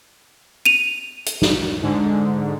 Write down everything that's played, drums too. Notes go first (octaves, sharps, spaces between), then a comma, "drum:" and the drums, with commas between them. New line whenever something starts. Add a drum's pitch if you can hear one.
D#7 F7
drum: hi-hat
drum: snare
G#2 D3